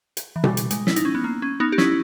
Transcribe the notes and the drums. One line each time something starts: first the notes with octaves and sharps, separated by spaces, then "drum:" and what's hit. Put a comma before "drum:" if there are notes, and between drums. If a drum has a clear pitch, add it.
drum: hi-hat
E3
G3, drum: tom B2
drum: hi-hat
G#3, drum: hi-hat
E4, drum: snare
D#4, drum: hi-hat
C#4
B3
A#3
C#4
B3 D#4
G4
C#4 E4, drum: snare